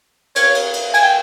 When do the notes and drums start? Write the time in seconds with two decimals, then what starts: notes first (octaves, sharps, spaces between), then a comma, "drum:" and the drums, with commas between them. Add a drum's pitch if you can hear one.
0.36 C#5, drum: cymbal
0.55 drum: cymbal
0.74 drum: cymbal
0.94 G#5, drum: cymbal
1.03 G5